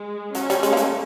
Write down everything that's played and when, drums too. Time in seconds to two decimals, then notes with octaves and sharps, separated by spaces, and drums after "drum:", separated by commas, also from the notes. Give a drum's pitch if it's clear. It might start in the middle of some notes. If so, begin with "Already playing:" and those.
Already playing: G#3
0.35 F#3 C#4, drum: hi-hat
0.50 G3, drum: hi-hat
0.63 G#3, drum: hi-hat
0.72 A#3
0.77 A3, drum: hi-hat